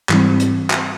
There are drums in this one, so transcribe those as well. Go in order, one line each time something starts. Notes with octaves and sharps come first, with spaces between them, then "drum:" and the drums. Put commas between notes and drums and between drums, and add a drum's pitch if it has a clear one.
G#2 E3 G3 C4, drum: clap
drum: hi-hat
drum: clap